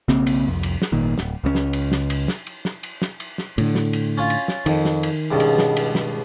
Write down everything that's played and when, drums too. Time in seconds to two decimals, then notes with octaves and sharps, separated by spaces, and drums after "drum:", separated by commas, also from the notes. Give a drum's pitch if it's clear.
0.08 B1 C#3 A#3 C4, drum: snare
0.27 drum: cymbal
0.48 C2 F2
0.63 drum: cymbal
0.82 drum: snare
0.92 G#1 A#2 D#3
1.18 D1, drum: snare
1.44 C#2 C#3 A#3 C#4
1.55 drum: snare
1.73 drum: cymbal
1.92 drum: snare
2.10 drum: cymbal
2.28 drum: snare
2.47 drum: cymbal
2.65 drum: snare
2.83 drum: cymbal
3.02 drum: snare
3.20 drum: cymbal
3.38 drum: snare
3.58 A2 D3, drum: cymbal
3.75 drum: snare
3.93 drum: cymbal
4.18 C#4 F4
4.30 drum: cymbal
4.48 drum: snare
4.66 F2 D#3, drum: cymbal
4.85 drum: snare
5.03 drum: cymbal
5.31 C#2 G2 B2
5.40 drum: cymbal
5.58 drum: snare
5.77 drum: cymbal
5.95 drum: snare